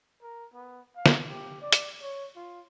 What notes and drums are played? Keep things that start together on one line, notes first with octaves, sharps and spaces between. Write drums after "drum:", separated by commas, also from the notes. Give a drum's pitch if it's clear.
A#4
B3
F5
drum: snare
G4
D5
drum: hi-hat
C#5
F4